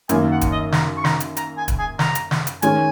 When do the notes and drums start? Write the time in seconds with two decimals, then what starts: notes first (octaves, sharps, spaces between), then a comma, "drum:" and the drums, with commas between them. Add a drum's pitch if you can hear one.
0.09 F#2 D#3 A#3 G#5, drum: hi-hat
0.31 F#5
0.41 drum: kick, hi-hat
0.52 D#5
0.72 A#5, drum: snare
0.97 C#6
1.04 A#5, drum: snare
1.20 drum: hi-hat
1.37 A#5, drum: hi-hat
1.57 G#5
1.68 drum: kick, hi-hat
1.79 G#5
1.99 A#5, drum: snare
2.15 drum: hi-hat
2.31 drum: snare
2.47 drum: hi-hat
2.62 D#3 G#3 C#4 G#5, drum: hi-hat